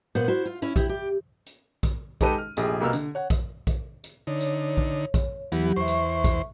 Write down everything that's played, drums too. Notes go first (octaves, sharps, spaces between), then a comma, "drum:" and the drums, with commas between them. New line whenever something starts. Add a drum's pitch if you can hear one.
A#2 B3 C5 F#5
E4 F#4 C5
F4
C#4 E4
E4 G4, drum: kick A#1, hi-hat
G4
drum: hi-hat
drum: kick A#1, hi-hat
G#3 D#4 G4 A4 B4 D#7, drum: kick A#1, hi-hat
F6
F1 A#1 G4 G#4, drum: hi-hat
C2 B2 A#3 B3 E6 F6
D3, drum: hi-hat
C#5 F#5
drum: kick A#1, hi-hat
drum: kick A#1, hi-hat
drum: hi-hat
D3 D#4 C#5
drum: hi-hat
drum: kick A#1
drum: kick A#1, hi-hat
E2 E3 F#3 B3 G4, drum: hi-hat
E2 C5 E5 C#6
drum: hi-hat
drum: kick A#1, hi-hat